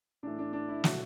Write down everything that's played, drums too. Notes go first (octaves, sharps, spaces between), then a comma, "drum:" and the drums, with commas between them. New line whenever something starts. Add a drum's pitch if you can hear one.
A2 E3 A3 D4
D4
D4
E4
B2 F#3 A3 F#4, drum: snare